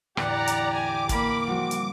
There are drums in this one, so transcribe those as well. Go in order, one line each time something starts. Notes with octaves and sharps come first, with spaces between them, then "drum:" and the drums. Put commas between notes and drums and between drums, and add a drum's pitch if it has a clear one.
E2 A2 D3 G4 D5 F#5 A#5, drum: rim click
drum: hi-hat
G#5 D6
A#3 B5, drum: kick, hi-hat
F3 G3 C4 F#4
drum: hi-hat